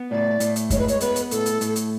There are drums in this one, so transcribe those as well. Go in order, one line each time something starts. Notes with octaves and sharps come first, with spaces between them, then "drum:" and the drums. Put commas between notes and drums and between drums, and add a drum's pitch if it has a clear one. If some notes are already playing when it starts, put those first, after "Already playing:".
Already playing: B3
A2 D5
A2, drum: hi-hat
drum: hi-hat
G#3 C#5, drum: kick F#2, hi-hat
B4
C#5, drum: hi-hat
B3 B4, drum: hi-hat
drum: hi-hat
A2 A4, drum: hi-hat
drum: hi-hat
A2, drum: hi-hat
drum: hi-hat